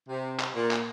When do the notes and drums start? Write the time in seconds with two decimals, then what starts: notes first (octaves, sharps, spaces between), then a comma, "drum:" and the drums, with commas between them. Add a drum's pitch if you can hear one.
0.08 C3
0.40 drum: clap
0.55 A#2
0.71 drum: clap